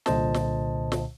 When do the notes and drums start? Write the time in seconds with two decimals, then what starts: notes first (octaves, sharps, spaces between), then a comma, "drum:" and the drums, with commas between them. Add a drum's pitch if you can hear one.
0.06 C2 A#2 D3 C5 D#5 A5, drum: snare
0.34 drum: snare
0.92 drum: snare